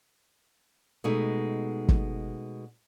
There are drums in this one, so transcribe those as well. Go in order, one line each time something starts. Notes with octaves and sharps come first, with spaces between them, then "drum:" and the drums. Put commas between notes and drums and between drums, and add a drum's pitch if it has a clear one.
B2 G#3 A3 D#4
drum: kick G1